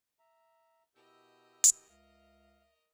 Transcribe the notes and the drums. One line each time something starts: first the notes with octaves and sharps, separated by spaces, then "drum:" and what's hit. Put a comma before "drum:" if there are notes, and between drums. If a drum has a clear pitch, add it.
E5 A#5
B2 E4 G4 A#4 D#5 E6 G6
drum: hi-hat
C#2 E5 F5